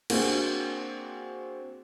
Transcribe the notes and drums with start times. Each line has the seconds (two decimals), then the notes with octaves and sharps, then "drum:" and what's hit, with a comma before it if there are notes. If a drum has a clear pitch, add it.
0.10 A#3 C4 D4 F#4 G#4, drum: cymbal